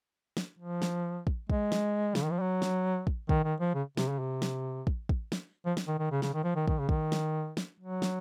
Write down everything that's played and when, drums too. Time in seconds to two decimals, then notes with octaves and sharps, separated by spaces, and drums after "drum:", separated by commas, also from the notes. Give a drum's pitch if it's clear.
0.37 drum: snare
0.59 F3
0.82 drum: snare
1.27 drum: kick
1.50 G#3, drum: kick
1.72 drum: snare
2.15 C#3, drum: snare
2.23 D#3
2.31 F3
2.39 F#3
2.62 drum: snare
3.07 drum: kick
3.29 D#3, drum: kick
3.44 D#3
3.60 F3
3.74 C#3
3.97 C3, drum: snare
4.09 C#3
4.19 C3
4.42 drum: snare
4.87 drum: kick
5.09 drum: kick
5.32 drum: snare
5.66 F3
5.77 drum: snare
5.88 D#3
5.99 D#3
6.11 C#3
6.22 C#3, drum: snare
6.34 D#3
6.44 F3
6.55 D#3
6.68 D#3, drum: kick
6.79 C#3
6.89 D#3, drum: kick
7.12 drum: snare
7.57 drum: snare
7.80 F#3
8.02 drum: snare